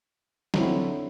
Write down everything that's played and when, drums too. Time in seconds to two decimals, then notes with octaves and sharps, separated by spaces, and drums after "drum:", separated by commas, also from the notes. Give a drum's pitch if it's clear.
0.54 D3 F#3 C4 E4, drum: snare